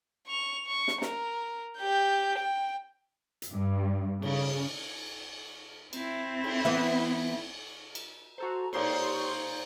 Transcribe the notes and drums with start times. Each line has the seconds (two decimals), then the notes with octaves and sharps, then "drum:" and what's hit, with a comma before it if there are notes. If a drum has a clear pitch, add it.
0.27 C#6 F7
0.66 C#6
0.88 drum: snare
1.02 A#4, drum: snare
1.78 G4 G6
2.39 G5
3.42 drum: hi-hat
3.51 G2
4.22 C#3, drum: cymbal
5.93 C4 E4, drum: cymbal
6.44 drum: cymbal
6.65 E3 B3 E5
7.95 drum: cymbal
8.38 F#4 A4 C5 A#5
8.73 A#2 D#4 G4 C5 C#5 C6 C#6, drum: cymbal